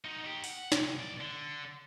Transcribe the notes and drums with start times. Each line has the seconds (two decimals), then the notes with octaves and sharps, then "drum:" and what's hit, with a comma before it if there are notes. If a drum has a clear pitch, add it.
0.05 D#4 F#4
0.24 D#3 G4
0.44 F#5, drum: open hi-hat
0.72 C2 A2, drum: snare
1.00 B1 D5
1.21 D3